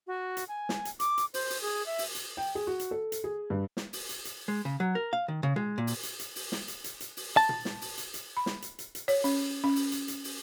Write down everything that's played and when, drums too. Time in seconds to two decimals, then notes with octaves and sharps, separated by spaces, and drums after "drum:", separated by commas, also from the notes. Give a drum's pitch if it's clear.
0.07 F#4
0.37 drum: hi-hat
0.48 G#5
0.69 drum: snare
0.85 drum: hi-hat
1.00 D6, drum: hi-hat
1.18 drum: hi-hat
1.34 C5, drum: open hi-hat
1.50 drum: open hi-hat
1.62 G#4
1.86 E5
1.99 drum: open hi-hat
2.15 drum: hi-hat
2.37 G5
2.55 G#4
2.67 F#4
2.80 drum: hi-hat
2.91 A4
3.12 drum: hi-hat
3.24 G#4
3.50 G2
3.77 drum: snare
3.93 drum: open hi-hat
4.09 drum: hi-hat
4.25 drum: hi-hat
4.48 G#3
4.65 C#3
4.80 F#3
4.95 A#4
5.13 F5
5.28 D#3
5.43 C#3
5.56 G#3, drum: tom A#2
5.78 A#2
5.87 drum: open hi-hat
6.03 drum: hi-hat
6.20 drum: hi-hat
6.36 drum: open hi-hat
6.52 drum: snare
6.68 drum: hi-hat
6.84 drum: hi-hat
7.00 drum: hi-hat
7.17 drum: open hi-hat
7.37 A5
7.49 drum: tom A#2
7.65 drum: snare
7.81 drum: open hi-hat
7.98 drum: hi-hat
8.14 drum: hi-hat
8.37 B5
8.46 drum: snare
8.62 drum: hi-hat
8.79 drum: hi-hat
8.95 drum: hi-hat
9.08 C#5, drum: open hi-hat
9.24 C#4, drum: open hi-hat
9.64 C#4
9.76 drum: open hi-hat
9.92 drum: hi-hat
10.08 drum: hi-hat
10.24 drum: open hi-hat